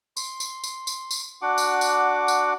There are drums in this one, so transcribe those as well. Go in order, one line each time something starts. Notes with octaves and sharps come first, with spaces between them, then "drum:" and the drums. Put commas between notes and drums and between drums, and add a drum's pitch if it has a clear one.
C6, drum: tambourine
drum: tambourine
drum: tambourine
drum: tambourine
drum: tambourine
D4 F#4 F#5 D6
drum: tambourine
drum: tambourine
drum: tambourine